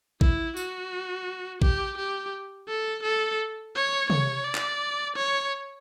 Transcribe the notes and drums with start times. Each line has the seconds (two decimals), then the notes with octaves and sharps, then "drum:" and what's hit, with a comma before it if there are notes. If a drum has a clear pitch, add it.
0.21 E4, drum: kick A1
0.57 F#4, drum: tambourine
1.62 G4, drum: kick A1
1.98 G4
2.68 A4
3.03 A4
3.75 C#5
4.10 C#5, drum: tom C3
4.44 D5
4.55 drum: clap
5.16 C#5